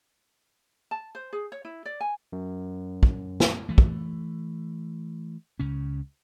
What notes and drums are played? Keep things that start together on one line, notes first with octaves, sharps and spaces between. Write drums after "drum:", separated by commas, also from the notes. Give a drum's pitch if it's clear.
A5
C5
G#4
C#5
E4
D5
G#5
F#2
drum: kick
drum: snare
E3 A3
drum: kick
C#2 C#3 C#4